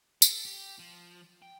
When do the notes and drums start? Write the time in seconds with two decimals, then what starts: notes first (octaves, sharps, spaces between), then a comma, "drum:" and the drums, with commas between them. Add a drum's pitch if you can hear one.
0.22 A4, drum: tambourine
0.45 G4
0.79 F3
1.42 G5